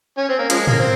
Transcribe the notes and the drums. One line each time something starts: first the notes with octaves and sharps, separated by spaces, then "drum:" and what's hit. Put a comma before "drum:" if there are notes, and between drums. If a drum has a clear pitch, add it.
C#4
C4
A#3
C#3 F3 G#3, drum: hi-hat
A#3, drum: tom G#2
C4